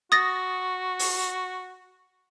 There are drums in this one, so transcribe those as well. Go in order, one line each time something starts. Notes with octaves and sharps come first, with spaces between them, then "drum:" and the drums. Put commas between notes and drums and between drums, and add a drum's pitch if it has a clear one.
F#4 D#6 A6 A#6
drum: open hi-hat